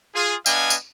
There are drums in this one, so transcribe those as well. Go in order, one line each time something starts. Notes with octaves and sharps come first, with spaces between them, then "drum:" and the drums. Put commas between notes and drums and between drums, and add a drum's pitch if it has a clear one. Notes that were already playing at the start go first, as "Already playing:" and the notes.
F4 G#4
B3 D4 D#5 F5 G#5, drum: tambourine
drum: tambourine